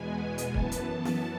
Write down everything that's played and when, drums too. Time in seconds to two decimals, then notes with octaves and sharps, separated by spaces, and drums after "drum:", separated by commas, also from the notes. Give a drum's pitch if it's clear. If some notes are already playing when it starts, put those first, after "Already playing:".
Already playing: E2 B2 G#3 B3 G#5
0.38 drum: hi-hat
0.54 F#2 E3 B3 A5, drum: kick
0.72 drum: hi-hat
1.05 drum: snare